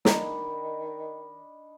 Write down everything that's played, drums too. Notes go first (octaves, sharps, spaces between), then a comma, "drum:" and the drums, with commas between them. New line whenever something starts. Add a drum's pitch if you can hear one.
D#3 D4 D#4 A#5 B5, drum: snare